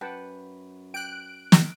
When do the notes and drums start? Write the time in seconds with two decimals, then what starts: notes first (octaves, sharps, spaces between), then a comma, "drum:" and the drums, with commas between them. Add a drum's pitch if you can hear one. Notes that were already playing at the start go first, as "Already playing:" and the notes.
0.01 F#2 B4 F#5 G5 A5
0.94 G5 F#6 D7
1.52 drum: snare